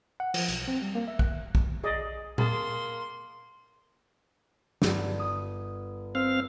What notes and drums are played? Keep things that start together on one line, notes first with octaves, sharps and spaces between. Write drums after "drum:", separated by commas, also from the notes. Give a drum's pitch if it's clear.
F#5
F3, drum: cymbal
B1, drum: hi-hat
C4
G3
A#3
E5
F#6, drum: kick
drum: kick
G#4 D5 D#5
A#3 G#4 A5 C6, drum: tom A#2
G1 D5 G#6, drum: snare
D#6
C4 F5